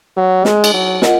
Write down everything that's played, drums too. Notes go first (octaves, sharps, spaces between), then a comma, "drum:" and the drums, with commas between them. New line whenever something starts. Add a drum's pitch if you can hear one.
F#3
G#3, drum: snare
drum: cymbal
F#3
F4 A#4 D#5 F#5, drum: snare